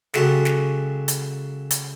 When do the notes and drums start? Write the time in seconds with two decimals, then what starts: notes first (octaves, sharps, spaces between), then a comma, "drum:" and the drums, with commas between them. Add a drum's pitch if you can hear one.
0.14 C#3 F#3 G#3 F#4 G4 A4, drum: snare
0.45 drum: snare
1.08 drum: hi-hat
1.71 drum: hi-hat